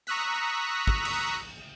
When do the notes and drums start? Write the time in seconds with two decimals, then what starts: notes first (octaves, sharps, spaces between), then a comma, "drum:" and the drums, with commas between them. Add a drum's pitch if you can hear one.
0.07 A#5 C#6 D#6 E6 F#6 B6, drum: hi-hat
0.87 drum: kick
1.05 drum: cymbal